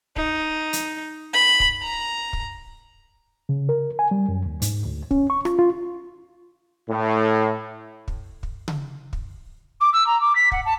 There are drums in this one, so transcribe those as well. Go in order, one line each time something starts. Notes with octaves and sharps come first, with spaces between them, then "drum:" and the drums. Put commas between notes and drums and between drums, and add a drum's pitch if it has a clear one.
D#4, drum: kick
drum: hi-hat
B5
drum: kick
A#5
drum: kick
C#3
A#4
G#5
G3
F#2
D#2
G#2, drum: hi-hat
D2
C#4, drum: kick
C#6
F4, drum: rim click
F4
A2
drum: kick
drum: kick
drum: tom C#3
drum: kick
D6
E6
A#5
D6
B6
F#5, drum: kick
A5